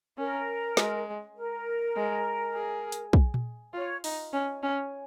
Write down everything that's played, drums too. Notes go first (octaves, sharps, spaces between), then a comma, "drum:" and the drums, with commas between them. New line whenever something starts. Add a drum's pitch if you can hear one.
C#4 A#4
G#3, drum: snare
A#4
G#3
G#4
drum: hi-hat
drum: kick
drum: tom A#2
F4 C#5
D#4, drum: open hi-hat
C#4
C#4